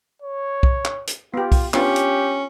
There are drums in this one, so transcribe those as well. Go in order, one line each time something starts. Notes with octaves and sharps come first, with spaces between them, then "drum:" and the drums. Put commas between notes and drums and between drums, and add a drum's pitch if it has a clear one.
C#5
drum: kick B1
drum: clap
drum: hi-hat
B3 F4 G4
drum: kick B1, open hi-hat
B3 C#4 D4 F4 G4, drum: clap
drum: hi-hat